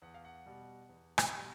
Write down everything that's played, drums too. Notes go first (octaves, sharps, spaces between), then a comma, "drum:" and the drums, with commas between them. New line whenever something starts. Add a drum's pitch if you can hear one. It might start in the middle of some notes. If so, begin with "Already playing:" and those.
E2 F#5
F5
F#5
B2 G3
E2
drum: rim click
B2 G3